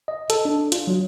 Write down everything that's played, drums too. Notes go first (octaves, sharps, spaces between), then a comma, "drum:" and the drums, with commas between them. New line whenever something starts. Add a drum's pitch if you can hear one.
D#5
A4, drum: hi-hat
D4
F4, drum: hi-hat
F#3